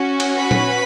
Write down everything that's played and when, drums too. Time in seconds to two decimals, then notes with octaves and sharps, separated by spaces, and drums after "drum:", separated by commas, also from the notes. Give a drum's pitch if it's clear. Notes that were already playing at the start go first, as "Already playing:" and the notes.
Already playing: C#4 F#4
0.20 drum: cymbal
0.39 B4 B5
0.51 drum: tom A#2